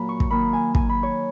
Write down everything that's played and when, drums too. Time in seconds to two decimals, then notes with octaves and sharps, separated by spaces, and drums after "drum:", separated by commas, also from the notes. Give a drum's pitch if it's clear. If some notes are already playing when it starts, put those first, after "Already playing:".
Already playing: A#2 F#3 A#3 G#5 B5
0.09 C#6
0.20 drum: kick
0.31 D#3 A#3 B5
0.53 G#5
0.75 G#5, drum: kick
0.89 B5
1.03 C#5